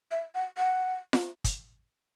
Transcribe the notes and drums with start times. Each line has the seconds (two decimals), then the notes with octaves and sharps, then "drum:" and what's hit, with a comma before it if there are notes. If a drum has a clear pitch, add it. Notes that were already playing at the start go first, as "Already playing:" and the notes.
0.11 E5
0.35 F#5
0.58 F#5
1.13 drum: snare F4
1.44 drum: kick, hi-hat